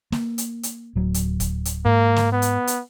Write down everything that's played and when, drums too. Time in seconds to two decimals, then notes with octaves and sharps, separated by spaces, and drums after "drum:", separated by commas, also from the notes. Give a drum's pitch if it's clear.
0.12 A#3, drum: snare
0.38 drum: hi-hat
0.63 drum: hi-hat
0.96 D1 F#3
1.14 drum: hi-hat
1.40 drum: kick, hi-hat
1.65 drum: hi-hat
1.85 G#2 A#3
2.16 drum: snare
2.33 B3
2.42 drum: hi-hat
2.67 drum: hi-hat